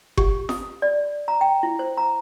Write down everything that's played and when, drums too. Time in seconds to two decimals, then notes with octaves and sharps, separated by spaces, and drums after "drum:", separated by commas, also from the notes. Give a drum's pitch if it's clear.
0.17 G4, drum: kick F#1
0.49 D#6, drum: snare F4
0.82 D5
1.28 A#5
1.41 G5
1.63 E4
1.79 C5
1.97 A#5